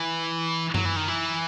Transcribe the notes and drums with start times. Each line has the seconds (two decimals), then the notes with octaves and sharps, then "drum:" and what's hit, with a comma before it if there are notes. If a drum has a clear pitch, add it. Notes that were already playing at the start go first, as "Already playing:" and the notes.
Already playing: E3
0.75 F#3, drum: tom F#2
0.85 E3
0.96 D#3
1.08 E3